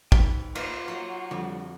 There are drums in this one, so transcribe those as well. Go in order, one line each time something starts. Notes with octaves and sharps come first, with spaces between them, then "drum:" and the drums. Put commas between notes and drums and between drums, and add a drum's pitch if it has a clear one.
G#2 B4 G5, drum: kick
A#3 F4 B4, drum: cymbal
F#3 A#3 F#4 C#5
F2 D3 G3